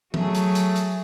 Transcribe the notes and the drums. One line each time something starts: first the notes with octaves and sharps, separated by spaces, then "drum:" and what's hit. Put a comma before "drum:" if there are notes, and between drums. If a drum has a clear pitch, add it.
F#3 A3 G#4, drum: tom E3
drum: hi-hat
drum: hi-hat
drum: hi-hat